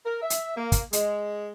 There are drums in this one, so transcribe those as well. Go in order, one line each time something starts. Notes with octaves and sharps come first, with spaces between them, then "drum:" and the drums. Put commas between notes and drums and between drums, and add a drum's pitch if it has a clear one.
A#4
E5
drum: hi-hat
A#3
drum: kick, hi-hat
G#3, drum: hi-hat